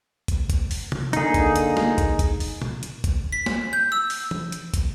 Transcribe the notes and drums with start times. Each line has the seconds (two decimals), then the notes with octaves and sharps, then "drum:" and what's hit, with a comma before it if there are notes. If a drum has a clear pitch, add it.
0.28 drum: kick, hi-hat
0.50 drum: kick, hi-hat
0.71 drum: open hi-hat
0.92 drum: tom
1.13 D3 A#3 D#4 G#4 A4, drum: hi-hat
1.34 drum: kick, hi-hat
1.56 drum: hi-hat
1.77 drum: snare
1.98 drum: kick, hi-hat
2.19 drum: kick, hi-hat
2.40 drum: open hi-hat
2.62 drum: tom A#2
2.83 drum: hi-hat
3.04 drum: kick, hi-hat
3.32 B6
3.46 drum: snare
3.73 G6
3.92 E6
4.10 drum: open hi-hat
4.31 drum: tom
4.52 drum: hi-hat
4.74 drum: kick, hi-hat